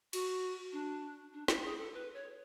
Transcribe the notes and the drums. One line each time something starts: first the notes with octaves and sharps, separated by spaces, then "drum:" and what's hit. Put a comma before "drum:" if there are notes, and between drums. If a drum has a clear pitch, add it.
F#4, drum: cymbal
D4
D4
E4, drum: snare
G#4
A4
B4
C#5